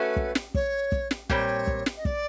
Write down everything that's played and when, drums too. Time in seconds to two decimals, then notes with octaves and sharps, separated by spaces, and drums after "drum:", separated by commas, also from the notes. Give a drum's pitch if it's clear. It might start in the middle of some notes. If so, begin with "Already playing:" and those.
Already playing: A3 C#4 F#4 B4
0.16 drum: kick
0.35 drum: snare
0.54 C#5, drum: kick
0.92 drum: kick
1.11 drum: snare
1.30 A#2 G3 C4 C#5, drum: kick
1.67 drum: kick
1.86 drum: snare
1.96 D#5
2.05 D5, drum: kick